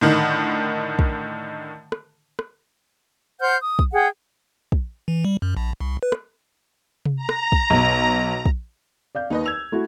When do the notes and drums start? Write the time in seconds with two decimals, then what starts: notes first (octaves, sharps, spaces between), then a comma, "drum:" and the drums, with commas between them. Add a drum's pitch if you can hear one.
0.01 A2 D3 D#3
0.99 drum: kick
1.92 drum: rim click
2.39 drum: rim click
3.40 C5 F#5 F6 G6
3.60 D#6
3.79 drum: kick
3.92 G#4 F#5 G5
4.72 drum: kick
5.08 E3
5.25 G3
5.42 F#2
5.57 A#1
5.80 C2
6.03 B4
6.12 drum: rim click
7.06 drum: tom C3
7.16 A#5
7.29 drum: rim click
7.52 drum: kick
7.70 B1
8.46 drum: kick
9.15 D5 F5 G6
9.30 D#2 D#4 B4 D#5
9.46 E6 G#6 F7
9.72 A3 E4 F#4